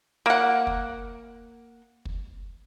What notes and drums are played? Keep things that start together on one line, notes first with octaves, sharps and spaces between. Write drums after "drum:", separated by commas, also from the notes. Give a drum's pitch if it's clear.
A#3 F#5
drum: kick
drum: kick